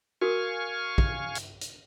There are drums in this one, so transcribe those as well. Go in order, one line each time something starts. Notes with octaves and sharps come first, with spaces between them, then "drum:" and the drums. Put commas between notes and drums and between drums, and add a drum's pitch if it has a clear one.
F#4 A#4 F5 G#5 C#6 D#6
drum: kick
drum: hi-hat
drum: hi-hat